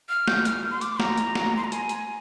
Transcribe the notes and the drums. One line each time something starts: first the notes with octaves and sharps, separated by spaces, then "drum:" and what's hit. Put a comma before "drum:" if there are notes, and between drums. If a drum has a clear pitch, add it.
F6
G6, drum: snare
F6, drum: hi-hat
C6
D6, drum: hi-hat
A#5, drum: snare
drum: hi-hat
drum: snare
C6
A#5
G#5, drum: hi-hat
drum: hi-hat